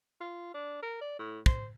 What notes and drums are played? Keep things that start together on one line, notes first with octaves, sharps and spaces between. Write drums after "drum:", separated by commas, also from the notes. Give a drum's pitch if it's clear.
F4
D4
A#4
D5
A2
C5, drum: kick